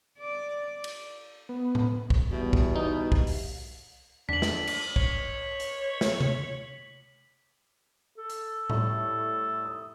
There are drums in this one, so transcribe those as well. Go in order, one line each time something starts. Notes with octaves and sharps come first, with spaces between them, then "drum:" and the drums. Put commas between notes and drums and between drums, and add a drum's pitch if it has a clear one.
D5
drum: cymbal
B3
drum: tom A2
drum: kick
E2 B2 G3 G4 E5
drum: kick
D#4
drum: kick
drum: open hi-hat
D4 B6 F#7, drum: tom E2
drum: snare
drum: cymbal
C#5, drum: kick
drum: hi-hat
drum: snare
drum: tom C3
A4
drum: hi-hat
A2 G3, drum: tom A2
D#6